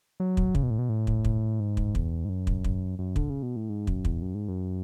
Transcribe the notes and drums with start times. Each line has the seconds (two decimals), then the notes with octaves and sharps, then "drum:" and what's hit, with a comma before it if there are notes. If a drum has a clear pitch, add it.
0.20 F#3
0.37 drum: kick
0.55 C#3, drum: kick
0.63 B2
0.70 A2
0.79 B2
0.89 A2
1.07 drum: kick
1.25 drum: kick
1.60 G#2
1.77 drum: kick
1.95 E2, drum: kick
2.25 G#2
2.29 F#2
2.47 drum: kick
2.64 drum: kick
2.99 F#2
3.16 D3, drum: kick
3.30 C#3
3.43 B2
3.56 A2
3.69 G#2
3.87 F#2, drum: kick
4.05 E2, drum: kick
4.22 F#2
4.35 G#2
4.48 F#2